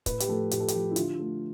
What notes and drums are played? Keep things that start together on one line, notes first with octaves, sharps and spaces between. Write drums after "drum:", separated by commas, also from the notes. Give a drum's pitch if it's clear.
A2 B4, drum: kick, hi-hat
G4, drum: hi-hat
F3 A3 A4
A2 G4, drum: hi-hat
A4
G4, drum: hi-hat
F3 A3
E4
D3 F4, drum: hi-hat
A3